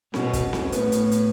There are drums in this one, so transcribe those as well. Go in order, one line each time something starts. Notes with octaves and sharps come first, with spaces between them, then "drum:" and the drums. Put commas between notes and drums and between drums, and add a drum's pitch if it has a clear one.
B2 C#4, drum: snare C4
drum: kick, hi-hat
drum: snare C4
A2 B3, drum: hi-hat
drum: hi-hat
drum: hi-hat